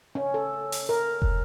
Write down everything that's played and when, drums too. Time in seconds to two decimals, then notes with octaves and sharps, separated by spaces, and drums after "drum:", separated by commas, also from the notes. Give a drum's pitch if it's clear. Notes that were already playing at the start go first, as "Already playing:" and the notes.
0.15 C#4
0.34 A4
0.72 drum: open hi-hat
0.89 A#4
1.22 drum: kick